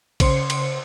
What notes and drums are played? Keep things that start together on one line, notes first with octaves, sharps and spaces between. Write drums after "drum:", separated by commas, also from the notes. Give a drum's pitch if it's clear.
C#3 C5 C6 C#7, drum: kick A#1, cymbal
drum: cymbal